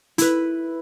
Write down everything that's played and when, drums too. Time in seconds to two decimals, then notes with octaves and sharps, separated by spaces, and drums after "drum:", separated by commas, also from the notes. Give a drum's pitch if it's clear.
0.18 E4 B4, drum: hi-hat